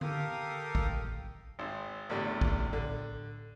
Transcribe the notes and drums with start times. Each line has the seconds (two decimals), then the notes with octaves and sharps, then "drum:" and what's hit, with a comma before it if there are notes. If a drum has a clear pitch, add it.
0.01 G4 A4 A#4 F5 D#6, drum: tom D3
0.75 drum: kick
1.59 G#1 C4
2.10 A1 E2 D3 G3 A3
2.41 drum: kick
2.73 D3, drum: tom A2